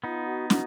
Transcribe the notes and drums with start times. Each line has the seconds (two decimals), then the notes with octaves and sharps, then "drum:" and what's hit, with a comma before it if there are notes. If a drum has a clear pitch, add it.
0.03 B3 D#4 F4
0.27 F#4
0.50 F#4, drum: snare